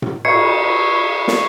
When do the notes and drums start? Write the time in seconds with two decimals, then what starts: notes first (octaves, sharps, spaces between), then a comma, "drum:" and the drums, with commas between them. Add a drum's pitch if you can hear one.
0.02 drum: tom A2
0.25 C#6 G#6 C7 C#7, drum: cymbal
1.28 drum: snare